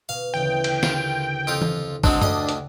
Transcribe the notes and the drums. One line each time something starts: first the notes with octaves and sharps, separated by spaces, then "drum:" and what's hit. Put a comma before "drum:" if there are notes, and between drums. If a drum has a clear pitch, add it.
B2 F5
D2 C#3 E3 G5
drum: cymbal
F4 G4 A#4, drum: snare
F2 F4 D#6
drum: tom E3
F#3 G#3 C4 D4, drum: kick
D2 D#5 G5 C#6 D#6, drum: tom F#2
drum: hi-hat